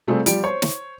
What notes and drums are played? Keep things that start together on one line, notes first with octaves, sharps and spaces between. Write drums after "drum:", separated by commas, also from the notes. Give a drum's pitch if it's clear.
C3 G3 A3 C4 F4 G#4
F3 G3 G4 D7, drum: hi-hat
C5 C#5
drum: snare